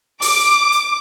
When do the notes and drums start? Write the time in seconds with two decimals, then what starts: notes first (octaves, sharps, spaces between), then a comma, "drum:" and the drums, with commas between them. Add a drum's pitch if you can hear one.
0.22 D6, drum: open hi-hat
0.72 drum: hi-hat